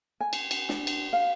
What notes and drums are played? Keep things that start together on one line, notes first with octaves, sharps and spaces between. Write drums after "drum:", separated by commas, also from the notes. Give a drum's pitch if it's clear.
G#5
drum: cymbal
drum: cymbal
D4, drum: snare
drum: cymbal
F5